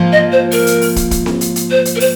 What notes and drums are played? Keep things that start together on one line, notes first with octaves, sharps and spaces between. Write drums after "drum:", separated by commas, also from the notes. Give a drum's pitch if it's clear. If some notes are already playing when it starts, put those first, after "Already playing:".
Already playing: G#2 F3 A#3 F4
D#5
C5
A#4, drum: open hi-hat
drum: hi-hat
drum: open hi-hat
drum: kick, hi-hat
drum: kick, hi-hat
drum: snare C4
drum: hi-hat
drum: hi-hat
C5
drum: hi-hat
A#4
C5, drum: open hi-hat